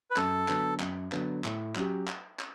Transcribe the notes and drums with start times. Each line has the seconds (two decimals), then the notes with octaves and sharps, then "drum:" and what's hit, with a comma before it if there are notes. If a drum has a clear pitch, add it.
0.11 B4
0.17 F#2 A4, drum: clap
0.48 D3 F#3 B3, drum: clap
0.80 F#2, drum: clap
1.12 D3 F#3 B3, drum: clap
1.44 A2, drum: clap
1.75 F#3 C#4 G4, drum: clap
2.08 drum: clap
2.40 drum: clap